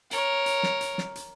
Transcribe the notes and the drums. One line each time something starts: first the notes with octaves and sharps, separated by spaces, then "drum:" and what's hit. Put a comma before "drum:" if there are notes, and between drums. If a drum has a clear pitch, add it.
A#4 C#5, drum: hi-hat
drum: hi-hat
drum: snare
drum: hi-hat
drum: snare
drum: hi-hat